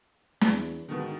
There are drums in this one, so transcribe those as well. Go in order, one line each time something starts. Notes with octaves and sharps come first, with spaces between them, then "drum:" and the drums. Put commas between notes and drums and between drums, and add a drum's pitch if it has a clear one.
E2, drum: snare
G#2 B2 D3 D#3